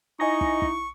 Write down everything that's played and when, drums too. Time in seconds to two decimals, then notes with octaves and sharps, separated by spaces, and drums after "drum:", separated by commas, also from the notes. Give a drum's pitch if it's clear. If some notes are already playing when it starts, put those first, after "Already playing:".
0.20 D#4 E4 D#5 G#5 C#6 A#6
0.41 drum: kick
0.62 drum: kick